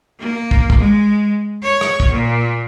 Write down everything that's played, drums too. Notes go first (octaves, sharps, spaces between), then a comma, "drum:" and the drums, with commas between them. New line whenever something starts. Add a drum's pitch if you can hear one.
A#3
drum: kick
drum: kick
G#3
C#5
drum: rim click
drum: kick
A#2